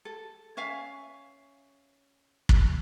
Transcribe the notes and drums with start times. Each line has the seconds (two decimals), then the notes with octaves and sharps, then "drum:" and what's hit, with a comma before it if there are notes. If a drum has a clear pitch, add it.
0.05 A4
0.57 C#4 E5 F5 G#5
2.49 drum: kick